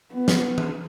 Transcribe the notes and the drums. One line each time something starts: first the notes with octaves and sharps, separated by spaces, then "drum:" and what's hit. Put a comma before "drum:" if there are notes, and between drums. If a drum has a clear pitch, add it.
B3
drum: snare
drum: tom E3